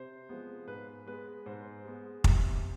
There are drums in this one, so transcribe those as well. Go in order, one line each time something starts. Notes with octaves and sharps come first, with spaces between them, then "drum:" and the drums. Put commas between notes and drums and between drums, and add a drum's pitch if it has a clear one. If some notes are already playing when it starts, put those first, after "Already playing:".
Already playing: C3 C5
F3 G#3 B3
G#2 B4
G#3 B3 B4
G#2 C5
G#3 B3
C3, drum: kick